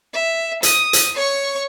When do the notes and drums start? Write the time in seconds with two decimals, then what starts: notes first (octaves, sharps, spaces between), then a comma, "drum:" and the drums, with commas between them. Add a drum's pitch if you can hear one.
0.14 E5
0.63 D#6, drum: hi-hat
0.93 drum: hi-hat
1.15 C#5 C#6